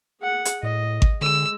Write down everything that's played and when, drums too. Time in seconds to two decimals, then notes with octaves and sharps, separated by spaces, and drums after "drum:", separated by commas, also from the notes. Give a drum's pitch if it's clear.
0.21 G#4 F#5
0.45 drum: hi-hat
0.63 A2 D#5
1.02 drum: kick G#1
1.21 D3 G#3 E6